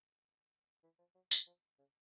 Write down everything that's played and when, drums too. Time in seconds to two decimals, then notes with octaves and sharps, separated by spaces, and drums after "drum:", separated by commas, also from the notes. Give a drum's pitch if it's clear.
0.84 E3
0.99 F3
1.15 F#3
1.31 F#3, drum: tambourine
1.47 F3
1.79 C#3